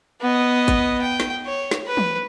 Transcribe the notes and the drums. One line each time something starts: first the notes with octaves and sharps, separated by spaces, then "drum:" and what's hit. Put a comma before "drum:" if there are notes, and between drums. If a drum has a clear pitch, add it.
B3 D#5
drum: kick G#1, hi-hat
G5
drum: snare
C#5
drum: snare
B4
drum: tom E3